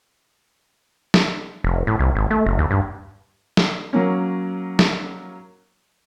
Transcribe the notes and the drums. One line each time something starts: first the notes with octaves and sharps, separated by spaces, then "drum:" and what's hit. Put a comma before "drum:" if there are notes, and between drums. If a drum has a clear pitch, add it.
drum: snare
F1
A2
C2
G#1
A3
F#1
D#2
G2
drum: snare
F#3 A#3 C#4
drum: snare